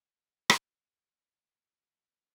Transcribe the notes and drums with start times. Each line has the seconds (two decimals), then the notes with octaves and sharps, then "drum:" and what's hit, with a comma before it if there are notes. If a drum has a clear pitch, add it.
0.50 drum: rim click
1.40 F3 A#3